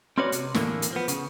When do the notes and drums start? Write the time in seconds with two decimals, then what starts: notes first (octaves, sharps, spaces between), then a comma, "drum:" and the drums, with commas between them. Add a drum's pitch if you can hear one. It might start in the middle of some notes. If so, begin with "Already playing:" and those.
0.18 C4 C#4 F#4 B4 C#5 D5
0.32 C3, drum: hi-hat
0.54 E2 A2 D3 A#3, drum: snare
0.82 drum: hi-hat
0.93 F3 B3
1.08 C#3, drum: hi-hat